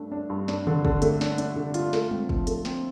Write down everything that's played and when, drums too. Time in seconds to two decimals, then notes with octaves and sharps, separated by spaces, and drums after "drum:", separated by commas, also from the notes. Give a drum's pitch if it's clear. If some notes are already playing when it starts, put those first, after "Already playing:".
Already playing: G2 A3 D4
0.12 D4
0.30 G2
0.48 D4, drum: snare
0.67 D3, drum: tom D3
0.85 D3, drum: kick
1.02 A3, drum: hi-hat
1.21 D4, drum: snare
1.38 D4, drum: hi-hat
1.56 D3
1.74 F4, drum: hi-hat
1.93 A3, drum: snare
2.11 C4, drum: tom G3
2.29 F3, drum: kick
2.47 A3, drum: hi-hat
2.65 C4, drum: snare